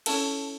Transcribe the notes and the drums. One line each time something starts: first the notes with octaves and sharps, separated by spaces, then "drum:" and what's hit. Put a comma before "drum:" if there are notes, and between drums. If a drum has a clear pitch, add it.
C#4 E4 A4 A5, drum: cymbal